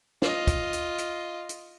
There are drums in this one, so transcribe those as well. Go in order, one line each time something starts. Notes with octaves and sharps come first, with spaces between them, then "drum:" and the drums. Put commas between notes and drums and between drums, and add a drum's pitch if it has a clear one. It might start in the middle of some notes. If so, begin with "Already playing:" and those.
F4 D#5, drum: snare
drum: kick, hi-hat
drum: hi-hat
drum: hi-hat
drum: hi-hat